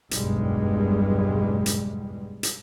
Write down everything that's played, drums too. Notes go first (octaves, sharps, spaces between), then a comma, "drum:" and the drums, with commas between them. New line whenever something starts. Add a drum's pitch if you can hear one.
F#1 B1 E2 G2 G3 G#3, drum: hi-hat
drum: hi-hat
drum: hi-hat